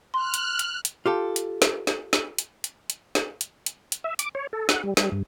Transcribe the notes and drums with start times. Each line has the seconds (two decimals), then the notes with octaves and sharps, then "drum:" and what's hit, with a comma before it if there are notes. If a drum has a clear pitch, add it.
0.14 C6 F6 F#6
0.34 drum: hi-hat
0.59 drum: hi-hat
0.85 drum: hi-hat
1.06 F4 G4 A4
1.36 drum: hi-hat
1.62 drum: snare
1.87 drum: snare
2.13 drum: snare
2.38 drum: hi-hat
2.64 drum: hi-hat
2.90 drum: hi-hat
3.15 drum: snare
3.41 drum: hi-hat
3.66 drum: hi-hat
3.92 drum: hi-hat
4.04 E5
4.19 D6, drum: hi-hat
4.35 C#5
4.53 A4
4.69 F#5, drum: snare
4.83 G3
4.97 G3, drum: snare
5.12 G2